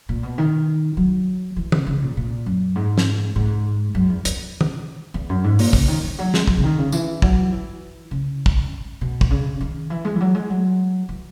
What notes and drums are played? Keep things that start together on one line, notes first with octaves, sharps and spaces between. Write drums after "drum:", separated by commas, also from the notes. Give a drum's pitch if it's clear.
A#2
B2
D#3
F#3
E3
C#3, drum: tom
C#3
A#2
A#2
F#2
G#2
drum: snare
G#2
F#2
E2
E2, drum: hi-hat
drum: tom
E2
F#2
G#2
A#2, drum: open hi-hat
C#3, drum: kick
D#3
D#3
F#3
G#3, drum: snare
F#3, drum: kick
C#3
D#3
C#3
E3, drum: tambourine
F#3, drum: kick
E3
C#3
drum: kick
B2
drum: kick
C#3
D#3
E3
G#3
E3
F#3
G#3
F#3
E3